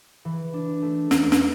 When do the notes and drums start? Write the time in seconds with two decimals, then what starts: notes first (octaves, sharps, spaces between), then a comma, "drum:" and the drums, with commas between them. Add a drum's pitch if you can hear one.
0.25 E3
0.53 D4
0.82 A3
1.11 E2, drum: snare
1.32 drum: snare